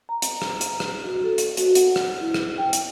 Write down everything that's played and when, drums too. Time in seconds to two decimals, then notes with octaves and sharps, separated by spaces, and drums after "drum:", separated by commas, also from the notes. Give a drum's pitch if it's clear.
0.09 A#5
0.22 drum: hi-hat
0.42 drum: rim click
0.61 drum: hi-hat
0.80 drum: rim click
1.04 F#4
1.24 A4
1.38 drum: hi-hat
1.57 F#4, drum: hi-hat
1.75 F#5, drum: hi-hat
1.96 drum: rim click
2.22 E4
2.34 drum: rim click
2.58 G5
2.73 drum: hi-hat